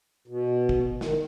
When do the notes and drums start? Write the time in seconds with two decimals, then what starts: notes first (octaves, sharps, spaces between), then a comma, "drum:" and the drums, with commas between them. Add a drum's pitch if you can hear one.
0.27 B2
0.69 drum: kick
1.01 D#3, drum: snare